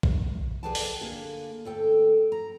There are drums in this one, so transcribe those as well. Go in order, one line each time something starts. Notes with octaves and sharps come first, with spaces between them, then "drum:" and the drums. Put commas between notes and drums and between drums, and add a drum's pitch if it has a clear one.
drum: kick A#1
G#4 A4 B4 D5 G5 A5
drum: open hi-hat
D3 A#3 G#4
D2 A4 G5
A#5